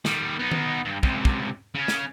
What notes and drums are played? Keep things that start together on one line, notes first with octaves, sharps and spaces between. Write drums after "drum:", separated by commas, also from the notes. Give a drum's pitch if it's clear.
D#3 G3, drum: snare
B3 D#4
drum: tom D#3
G2
C#2 C3, drum: kick
drum: kick
C#3 C#4
drum: snare